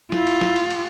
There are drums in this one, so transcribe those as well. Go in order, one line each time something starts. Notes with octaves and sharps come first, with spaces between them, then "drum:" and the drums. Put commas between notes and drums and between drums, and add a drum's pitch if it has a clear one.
E4 F4, drum: snare
drum: cymbal
drum: snare
drum: cymbal
drum: cymbal